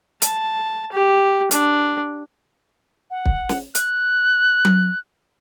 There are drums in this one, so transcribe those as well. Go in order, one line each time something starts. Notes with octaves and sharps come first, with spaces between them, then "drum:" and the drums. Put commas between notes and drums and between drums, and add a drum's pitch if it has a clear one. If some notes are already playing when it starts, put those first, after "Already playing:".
A5, drum: hi-hat
G4
D4, drum: hi-hat
F#5
drum: kick
drum: snare
F#6, drum: hi-hat
drum: tom F#3